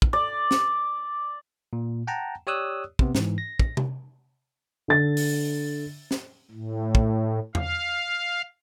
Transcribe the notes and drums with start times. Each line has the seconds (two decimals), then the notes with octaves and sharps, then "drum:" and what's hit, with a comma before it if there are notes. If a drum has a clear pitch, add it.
0.02 drum: kick
0.13 D5
0.51 drum: snare
1.73 A#2
2.07 F#5 G5 A5 A#5
2.47 G4 C#5 D5 D#6 E6 F#6
2.99 C3 B3, drum: kick
3.15 G#2 E3, drum: snare
3.38 A#6
3.59 drum: kick
3.77 drum: tom C3
4.88 D3 A6
5.17 drum: open hi-hat
6.11 drum: snare
6.51 A2
6.95 drum: kick
7.55 F5, drum: tom E2